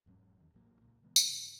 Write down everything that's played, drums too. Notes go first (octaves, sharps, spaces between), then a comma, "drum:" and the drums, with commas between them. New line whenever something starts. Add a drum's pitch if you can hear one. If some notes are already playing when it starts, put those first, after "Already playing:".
E1 G#2 F#3 C#4
E2 D#3
A1 A2 F#3 A#3
C#2 A#2
C#3 E3 G#3 B3
drum: tambourine
G2 C#3